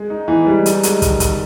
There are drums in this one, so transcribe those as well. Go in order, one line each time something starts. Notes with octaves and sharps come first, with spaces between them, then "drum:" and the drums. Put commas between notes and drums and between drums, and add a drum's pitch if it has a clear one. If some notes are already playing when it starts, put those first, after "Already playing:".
Already playing: G#3
D#4
E3 B3
G3 G#3
D#4, drum: hi-hat
G#3, drum: hi-hat
D#3, drum: kick, hi-hat
D#3, drum: kick, hi-hat